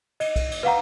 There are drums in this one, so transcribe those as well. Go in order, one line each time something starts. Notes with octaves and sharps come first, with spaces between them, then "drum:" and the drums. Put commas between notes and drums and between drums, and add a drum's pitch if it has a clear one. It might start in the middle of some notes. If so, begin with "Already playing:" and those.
D#5, drum: cymbal
drum: kick, cymbal
drum: cymbal
B4 F5 F#5 A#5